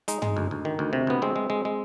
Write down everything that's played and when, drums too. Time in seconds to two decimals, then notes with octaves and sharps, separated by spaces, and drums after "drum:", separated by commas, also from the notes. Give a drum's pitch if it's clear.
0.08 G#3 D#4, drum: hi-hat
0.22 G#3, drum: tom
0.37 D2
0.51 D2
0.65 D#3
0.79 D2
0.93 C3
1.07 D2 B3
1.22 G#3 C4
1.36 G#3
1.50 G#3
1.65 G#3